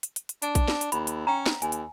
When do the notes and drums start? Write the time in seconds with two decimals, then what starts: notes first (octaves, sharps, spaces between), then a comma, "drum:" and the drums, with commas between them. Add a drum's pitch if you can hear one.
0.03 drum: hi-hat
0.16 drum: hi-hat
0.29 drum: hi-hat
0.42 D4, drum: hi-hat
0.55 drum: kick A#1, hi-hat
0.68 drum: snare
0.81 drum: hi-hat
0.92 D#2 B5, drum: hi-hat
1.07 drum: hi-hat
1.27 C#4 G5 A#5
1.46 drum: snare
1.62 D#2 G#5, drum: hi-hat
1.72 drum: hi-hat